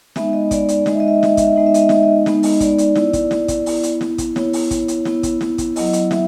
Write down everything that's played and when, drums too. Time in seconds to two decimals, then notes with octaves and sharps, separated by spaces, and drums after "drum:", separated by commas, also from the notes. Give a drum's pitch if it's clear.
0.16 G#3 B3 D#4 E5, drum: snare
0.33 D#5
0.51 D5, drum: kick, hi-hat
0.68 D5, drum: hi-hat
0.86 G#3 B3 D#4 D#5, drum: snare
0.93 E5
1.00 D#5
1.08 E5
1.15 D#5
1.23 E5, drum: snare
1.30 D#5
1.37 E5, drum: kick, hi-hat
1.45 D#5
1.52 E5
1.56 G#3 B3 D#4 D#5
1.67 E5
1.74 D#5, drum: hi-hat
1.81 E5
1.89 D#5, drum: snare
1.96 E5
2.03 D#5
2.26 G#3 B3 D#4, drum: snare
2.43 D#5, drum: open hi-hat
2.60 D5, drum: kick, hi-hat
2.78 D5, drum: hi-hat
2.95 B3 E4, drum: snare
3.13 drum: kick, hi-hat
3.31 drum: snare
3.48 drum: kick, hi-hat
3.66 B3 E4, drum: open hi-hat
3.83 drum: hi-hat
4.01 drum: snare
4.18 drum: kick, hi-hat
4.36 B3 E4 C#5, drum: snare
4.53 drum: open hi-hat
4.71 drum: kick, hi-hat
4.88 drum: hi-hat
5.05 B3 E4, drum: snare
5.23 drum: kick, hi-hat
5.41 drum: snare
5.58 drum: kick, hi-hat
5.76 F#3 B3 E4 D#5, drum: open hi-hat
5.93 drum: hi-hat
6.11 E5, drum: snare